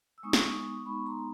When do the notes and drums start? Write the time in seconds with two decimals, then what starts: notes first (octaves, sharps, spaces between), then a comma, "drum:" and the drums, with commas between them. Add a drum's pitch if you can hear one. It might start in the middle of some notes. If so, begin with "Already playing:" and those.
0.18 E6
0.23 G#3 B3 D#4 C#6 D#6
0.33 drum: snare
0.85 G#3 B3 D#4 B5 C#6
1.06 A#5 C6